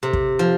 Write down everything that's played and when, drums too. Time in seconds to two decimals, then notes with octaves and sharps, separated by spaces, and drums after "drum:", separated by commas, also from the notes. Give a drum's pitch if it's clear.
0.03 C3
0.13 drum: kick
0.39 F3